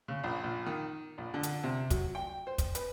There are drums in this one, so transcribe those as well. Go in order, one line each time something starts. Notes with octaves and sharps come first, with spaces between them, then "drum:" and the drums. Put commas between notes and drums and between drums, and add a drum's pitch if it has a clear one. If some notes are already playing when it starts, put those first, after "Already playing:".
C#3
A#1
A#1
D#3
A#1
D3
drum: hi-hat
C3
F#3, drum: kick, hi-hat
G5
C5
drum: kick, hi-hat
B4, drum: hi-hat